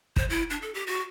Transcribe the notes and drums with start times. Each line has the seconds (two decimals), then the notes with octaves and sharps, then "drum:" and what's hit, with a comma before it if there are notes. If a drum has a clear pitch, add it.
0.16 C5, drum: kick
0.30 E4
0.50 D4
0.62 A4
0.74 G4
0.87 F#4